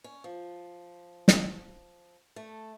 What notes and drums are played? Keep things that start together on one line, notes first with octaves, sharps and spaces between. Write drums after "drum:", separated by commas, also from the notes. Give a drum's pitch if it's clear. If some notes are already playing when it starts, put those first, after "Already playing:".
C#4
F3
drum: snare
A3